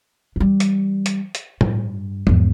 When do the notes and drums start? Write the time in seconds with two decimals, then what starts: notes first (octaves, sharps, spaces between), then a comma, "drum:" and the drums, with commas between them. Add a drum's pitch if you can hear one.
0.36 E3 G3
0.60 drum: hi-hat
1.06 drum: hi-hat
1.35 drum: hi-hat
1.61 G2, drum: tom A2
2.27 E2 G#2, drum: tom F3